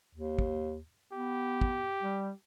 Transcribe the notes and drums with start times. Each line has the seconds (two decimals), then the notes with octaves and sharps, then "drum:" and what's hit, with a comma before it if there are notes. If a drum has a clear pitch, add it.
0.15 D#2
0.39 drum: kick
1.12 B3 G4
1.61 drum: kick
2.02 G3